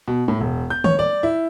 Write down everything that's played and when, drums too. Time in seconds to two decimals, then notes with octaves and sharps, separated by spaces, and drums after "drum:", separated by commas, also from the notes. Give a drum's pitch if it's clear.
0.08 B2
0.28 A2
0.41 E1
0.70 G6
0.84 C#5, drum: tom D#3
0.99 D5
1.23 E4